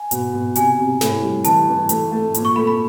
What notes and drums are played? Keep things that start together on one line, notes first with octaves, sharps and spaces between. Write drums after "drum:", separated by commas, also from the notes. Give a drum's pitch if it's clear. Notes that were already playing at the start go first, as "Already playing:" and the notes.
Already playing: G#5
B2, drum: hi-hat
B2
C3 G#5, drum: hi-hat
C3
A2, drum: snare
G3
E3 A5, drum: hi-hat
E3
A3, drum: hi-hat
A3
A#2, drum: hi-hat
C#6
A3 B5
B5